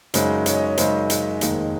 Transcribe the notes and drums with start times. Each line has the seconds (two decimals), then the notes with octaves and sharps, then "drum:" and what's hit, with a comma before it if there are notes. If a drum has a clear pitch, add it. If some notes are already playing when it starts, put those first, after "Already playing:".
0.14 F#2 C#3 G#3 D#4 C5, drum: hi-hat
0.46 C#5, drum: hi-hat
0.54 D#5
0.64 C#5
0.77 F#2 C#3 G#3 D#4 C5, drum: hi-hat
1.10 drum: hi-hat
1.41 F1 D#2 D#3 G#3, drum: hi-hat